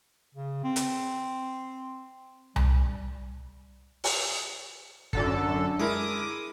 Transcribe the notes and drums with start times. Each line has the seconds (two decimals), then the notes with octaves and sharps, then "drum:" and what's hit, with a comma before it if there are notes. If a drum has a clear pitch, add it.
0.34 C#3
0.64 C4
0.76 drum: hi-hat
2.56 G3, drum: tom C2
4.04 drum: open hi-hat
5.13 F#2 D3 A4, drum: kick
5.79 G#3 E4 A#4 D6 D#6